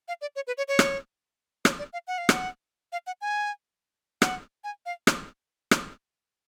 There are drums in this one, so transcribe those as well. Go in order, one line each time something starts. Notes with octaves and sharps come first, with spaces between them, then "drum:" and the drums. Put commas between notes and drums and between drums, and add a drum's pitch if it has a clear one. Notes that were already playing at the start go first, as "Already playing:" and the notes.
F5
D5
C#5
B4
C#5
C#5
drum: rim click
C#5, drum: rim click
D5
F5
F#5
F5
F#5, drum: rim click
F5
F#5
G#5
F#5, drum: rim click
G#5
F5
drum: rim click
drum: rim click